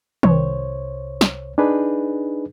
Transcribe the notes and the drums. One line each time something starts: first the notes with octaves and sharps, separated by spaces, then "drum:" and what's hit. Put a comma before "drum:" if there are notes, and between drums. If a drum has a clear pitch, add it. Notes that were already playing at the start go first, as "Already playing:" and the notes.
C2 C5 C#5, drum: tom D#3
drum: snare
D4 D#4 G#4 B4